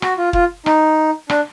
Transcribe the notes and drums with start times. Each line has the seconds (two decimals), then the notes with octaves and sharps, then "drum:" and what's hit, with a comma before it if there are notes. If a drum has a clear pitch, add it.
0.02 F#4, drum: rim click
0.18 F4
0.33 F4, drum: kick
0.66 D#4, drum: rim click
1.30 D4, drum: rim click